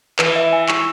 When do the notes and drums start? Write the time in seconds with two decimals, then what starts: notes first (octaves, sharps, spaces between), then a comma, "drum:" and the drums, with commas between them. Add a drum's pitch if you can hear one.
0.19 E3 B4, drum: clap
0.36 E5
0.53 G#5
0.69 C#6, drum: clap